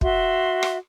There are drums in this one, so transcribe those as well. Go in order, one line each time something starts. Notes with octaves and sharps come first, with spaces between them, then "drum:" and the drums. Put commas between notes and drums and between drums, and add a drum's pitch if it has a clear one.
F#4 E5 C6, drum: kick
drum: rim click